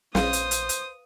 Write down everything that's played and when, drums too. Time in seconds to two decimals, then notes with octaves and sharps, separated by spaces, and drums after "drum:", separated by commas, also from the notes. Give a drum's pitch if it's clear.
0.15 A#1 B4 C5 F5 D#6, drum: snare
0.33 drum: hi-hat
0.51 drum: hi-hat
0.69 drum: hi-hat